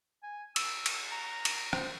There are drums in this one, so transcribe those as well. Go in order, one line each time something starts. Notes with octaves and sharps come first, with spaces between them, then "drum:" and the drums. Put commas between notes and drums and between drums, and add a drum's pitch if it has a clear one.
G#5
E6, drum: cymbal
drum: cymbal
A#5
drum: cymbal
C5, drum: rim click